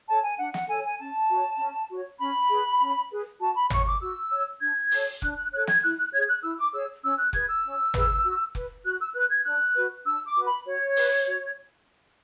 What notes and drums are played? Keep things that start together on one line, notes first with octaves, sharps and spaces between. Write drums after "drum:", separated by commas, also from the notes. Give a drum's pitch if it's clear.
A4 C#5 A5
G#5
D4 F#5
F#5, drum: snare
A4 C#5 G#5
G#5
C#4 A5
F#4 C#5
C#4
F#4 C#5
C#4 B5
G#4 B4
C#4
G#4 B4
F#4 A5
B5
C#5 C#6, drum: tom G#1
D6
F#4 E6
C#5
D4 G#6
A4 C#5, drum: open hi-hat
D4 F#6, drum: kick F1
F#6
A4 C#5 F#6
G#6, drum: snare
E4 F#6
F#6
G#4 C#5 G#6
F#6
E4 E6
D6
G#4 C#5 E6
C#4 E6
F#6
G#4 B4 G#6, drum: kick F1
E6
C#4
G#4 B4, drum: tom G#1
F#4
B4, drum: kick F1
F#4 F#6
E6
B4 F#6
G#6
D4 F#6
F#4 B4
D4 E6
D6
F#4 B4
B5
F#4 C#5
B4, drum: open hi-hat
F#4